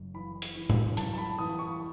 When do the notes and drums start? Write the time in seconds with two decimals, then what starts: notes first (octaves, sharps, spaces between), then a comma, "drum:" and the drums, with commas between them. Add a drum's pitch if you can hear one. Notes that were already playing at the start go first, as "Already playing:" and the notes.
Already playing: F#1 F#2
0.14 E3 B5
0.42 drum: hi-hat
0.55 E3
0.70 drum: tom A2
0.97 F#2 A5, drum: hi-hat
1.13 A5
1.18 B5
1.38 E3 D#6
1.59 C#6